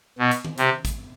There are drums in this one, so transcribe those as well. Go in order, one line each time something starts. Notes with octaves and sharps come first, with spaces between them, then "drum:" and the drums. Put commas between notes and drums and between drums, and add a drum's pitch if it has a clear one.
B2
drum: hi-hat
drum: tom D#3
C3, drum: hi-hat
drum: kick, hi-hat